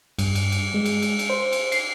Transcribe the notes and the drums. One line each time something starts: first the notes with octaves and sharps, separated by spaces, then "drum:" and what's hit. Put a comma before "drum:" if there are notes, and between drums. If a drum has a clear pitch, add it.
G2, drum: cymbal
drum: cymbal
drum: cymbal
G#3
drum: cymbal
drum: cymbal
drum: cymbal
C5
drum: cymbal
C7, drum: cymbal